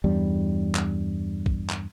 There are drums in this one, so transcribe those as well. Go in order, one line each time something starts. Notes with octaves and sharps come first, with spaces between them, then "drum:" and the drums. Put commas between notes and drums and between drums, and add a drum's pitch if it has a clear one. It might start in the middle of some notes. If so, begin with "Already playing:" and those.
E2 G2 G3
drum: clap
drum: kick
drum: clap